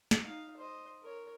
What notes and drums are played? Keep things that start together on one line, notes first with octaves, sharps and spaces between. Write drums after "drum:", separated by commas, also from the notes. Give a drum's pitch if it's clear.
drum: snare
D#4 F5
C5 D#5
A#4 C#5